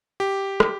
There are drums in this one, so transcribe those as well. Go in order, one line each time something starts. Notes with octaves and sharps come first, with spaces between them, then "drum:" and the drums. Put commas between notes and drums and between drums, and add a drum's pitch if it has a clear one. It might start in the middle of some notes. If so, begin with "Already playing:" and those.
G4
drum: rim click